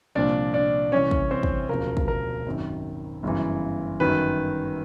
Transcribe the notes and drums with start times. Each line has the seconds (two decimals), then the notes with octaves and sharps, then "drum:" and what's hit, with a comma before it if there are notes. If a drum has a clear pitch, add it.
0.15 C2 A#2 F3 D4 D5
0.54 D4 D5
0.92 C2 C3 E3 C#4 C#5
1.11 drum: kick
1.31 C4 C5
1.43 drum: kick
1.69 E1 D2 C#3 F3 A#4
1.97 drum: kick
2.08 A#4
2.46 G#1 F#2 D#3
3.23 G1 F#2 C#3 E3
4.00 G1 F#2 D#3 F#3 B4